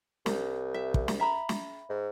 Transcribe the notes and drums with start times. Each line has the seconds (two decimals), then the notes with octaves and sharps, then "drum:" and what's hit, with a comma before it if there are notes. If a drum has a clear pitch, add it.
0.26 C2, drum: snare
0.74 E5
0.94 drum: kick
1.08 drum: snare
1.20 E5 A#5 B5
1.49 drum: snare
1.89 G#2